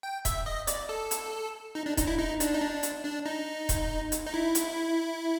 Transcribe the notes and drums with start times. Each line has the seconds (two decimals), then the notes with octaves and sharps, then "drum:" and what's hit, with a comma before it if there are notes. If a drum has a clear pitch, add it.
0.03 G5
0.25 E5, drum: kick D#1, hi-hat
0.46 D#5
0.67 D5, drum: hi-hat
0.89 A4
1.11 drum: hi-hat
1.75 D#4
1.86 D4
1.97 D#4, drum: kick D#1, hi-hat
2.07 E4
2.18 D#4
2.40 D4, drum: hi-hat
2.54 D#4
2.62 D4
2.83 drum: hi-hat
3.04 D4
3.26 D#4
3.69 drum: kick D#1, hi-hat
4.12 drum: hi-hat
4.27 D#4
4.34 E4
4.55 drum: hi-hat